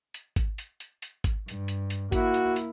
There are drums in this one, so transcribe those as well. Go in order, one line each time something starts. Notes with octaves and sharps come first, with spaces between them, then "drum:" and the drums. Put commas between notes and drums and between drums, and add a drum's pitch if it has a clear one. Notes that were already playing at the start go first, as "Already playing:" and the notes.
drum: hi-hat
drum: kick G#1, hi-hat
drum: hi-hat
drum: hi-hat
drum: hi-hat
drum: kick G#1, hi-hat
G2, drum: hi-hat
drum: hi-hat
drum: hi-hat
A#3 E4 F#4, drum: kick G#1, hi-hat
drum: hi-hat
drum: hi-hat